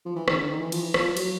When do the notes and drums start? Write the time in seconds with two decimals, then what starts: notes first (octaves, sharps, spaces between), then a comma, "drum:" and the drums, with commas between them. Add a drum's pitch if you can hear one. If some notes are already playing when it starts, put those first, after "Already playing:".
0.06 F3
0.16 E3
0.28 D#3, drum: rim click
0.34 C#3
0.39 D3
0.49 D#3
0.61 E3
0.72 F3, drum: cymbal
0.83 E3
0.94 F3, drum: rim click
1.17 F#3, drum: cymbal